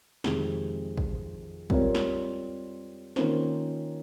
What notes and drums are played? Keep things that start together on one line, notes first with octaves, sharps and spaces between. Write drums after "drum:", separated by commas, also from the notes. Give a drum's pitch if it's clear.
F2 C3 D#3 G#3, drum: snare
drum: kick
G3 C4 F4 A#4 C#5, drum: kick
drum: snare
D#3 A#3 C#4 F4 C5, drum: snare